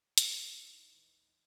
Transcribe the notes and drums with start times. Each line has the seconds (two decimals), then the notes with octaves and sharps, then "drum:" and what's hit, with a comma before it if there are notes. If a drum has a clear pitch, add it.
0.18 D#1 A1 G#2 F3 G#3 D#4 E4, drum: hi-hat
0.94 E3 B4